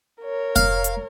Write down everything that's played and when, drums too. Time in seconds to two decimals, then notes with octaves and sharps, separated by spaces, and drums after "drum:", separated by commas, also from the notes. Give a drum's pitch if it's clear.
0.22 A#4 C#5
0.56 F5, drum: kick F1, hi-hat
0.84 drum: hi-hat